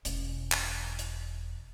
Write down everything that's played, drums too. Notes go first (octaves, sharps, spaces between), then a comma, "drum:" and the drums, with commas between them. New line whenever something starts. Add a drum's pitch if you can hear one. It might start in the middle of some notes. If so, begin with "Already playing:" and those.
E1 C#4, drum: hi-hat
drum: clap
drum: hi-hat